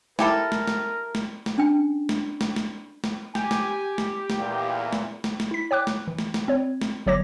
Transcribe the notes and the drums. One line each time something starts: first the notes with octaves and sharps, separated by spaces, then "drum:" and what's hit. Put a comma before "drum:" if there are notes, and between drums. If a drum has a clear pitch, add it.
E4 G4 A4 A#4, drum: snare
drum: snare
drum: snare
drum: snare
drum: snare
C#4 D4 G5
drum: snare
drum: snare
drum: snare
drum: snare
G4 G#5, drum: snare
drum: snare
drum: snare
drum: snare
E2 A#2
drum: snare
drum: snare
drum: snare
E4 B6
C#5 G5 D6 F#6
drum: snare
E3
drum: snare
drum: snare
C4 C#5
drum: snare
G1 F#3 C#5 D6 A#6